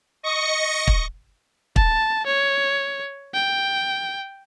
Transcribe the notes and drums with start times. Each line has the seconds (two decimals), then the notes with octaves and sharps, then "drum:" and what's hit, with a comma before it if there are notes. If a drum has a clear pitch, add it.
0.23 D#5 C#6 A#6 C#7
0.87 drum: kick
1.76 A5, drum: kick
2.27 C#5
3.34 G5